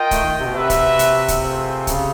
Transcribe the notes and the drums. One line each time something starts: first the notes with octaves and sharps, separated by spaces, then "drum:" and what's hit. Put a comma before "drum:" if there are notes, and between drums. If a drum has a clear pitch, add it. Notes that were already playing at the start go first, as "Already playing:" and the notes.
Already playing: F4 A#4 D#5 G5
A3, drum: kick, hi-hat
D#3
C3
B2
C3 F#4 B4 E5
drum: kick, hi-hat
drum: hi-hat
drum: kick, hi-hat
A3 C4 F4 G#4 C5
C#3, drum: kick, hi-hat